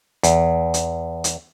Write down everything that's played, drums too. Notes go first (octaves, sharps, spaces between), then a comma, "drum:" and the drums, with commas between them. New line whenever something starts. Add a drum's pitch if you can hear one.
E2, drum: hi-hat
drum: hi-hat
drum: hi-hat